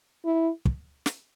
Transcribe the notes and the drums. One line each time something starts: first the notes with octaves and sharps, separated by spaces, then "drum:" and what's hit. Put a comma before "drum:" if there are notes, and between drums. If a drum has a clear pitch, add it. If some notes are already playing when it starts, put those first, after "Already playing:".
E4
drum: kick
drum: snare